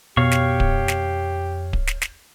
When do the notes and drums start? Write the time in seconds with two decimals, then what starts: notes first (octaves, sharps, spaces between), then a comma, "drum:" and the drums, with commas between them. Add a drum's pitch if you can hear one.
0.17 F2 B2 G4 C#5 F5 C#6
0.31 drum: snare
0.60 drum: kick D1
0.88 drum: snare
1.73 drum: kick D1
1.87 drum: snare
2.02 drum: snare